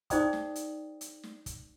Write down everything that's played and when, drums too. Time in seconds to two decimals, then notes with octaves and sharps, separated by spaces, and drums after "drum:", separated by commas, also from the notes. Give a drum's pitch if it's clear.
0.10 D#4 G#4 C5 D5 G5 D#6, drum: kick, hi-hat
0.33 drum: snare
0.55 drum: hi-hat
1.01 drum: hi-hat
1.23 drum: snare
1.46 drum: kick, hi-hat